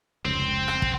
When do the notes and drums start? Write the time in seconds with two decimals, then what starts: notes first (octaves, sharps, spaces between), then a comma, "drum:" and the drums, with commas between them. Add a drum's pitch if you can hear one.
0.25 F1 C#2 C4
0.68 drum: rim click
0.82 drum: kick